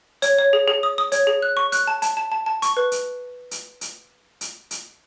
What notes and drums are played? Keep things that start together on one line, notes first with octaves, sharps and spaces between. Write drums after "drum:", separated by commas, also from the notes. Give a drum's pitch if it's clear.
C#5, drum: hi-hat
C#5
G#4
G#4
D#6
D#6
C#5, drum: hi-hat
G#4
F#6
C#6
F#6, drum: hi-hat
A5
A5, drum: hi-hat
A5
A5
A5
C#6, drum: hi-hat
B4
drum: hi-hat
drum: hi-hat
drum: hi-hat
drum: hi-hat
drum: hi-hat